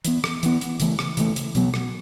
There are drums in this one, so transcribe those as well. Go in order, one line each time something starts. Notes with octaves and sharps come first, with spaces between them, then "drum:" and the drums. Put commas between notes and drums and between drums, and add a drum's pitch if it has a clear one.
E3 B3, drum: hi-hat
drum: rim click
E3 B3, drum: hi-hat
drum: hi-hat
C#3 E3 A3, drum: hi-hat
drum: rim click
C#3 E3 A3, drum: hi-hat
drum: hi-hat
B2 F#3 B3, drum: hi-hat
drum: rim click